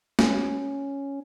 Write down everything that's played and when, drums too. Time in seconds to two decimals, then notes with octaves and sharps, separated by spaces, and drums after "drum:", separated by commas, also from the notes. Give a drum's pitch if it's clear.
0.19 C#4, drum: snare